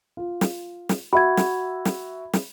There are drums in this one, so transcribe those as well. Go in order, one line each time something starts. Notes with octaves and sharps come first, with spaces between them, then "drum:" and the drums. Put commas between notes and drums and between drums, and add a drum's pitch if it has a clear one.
F4
drum: snare
drum: snare
F#4 E5 B5 G#6
drum: snare
drum: snare
drum: snare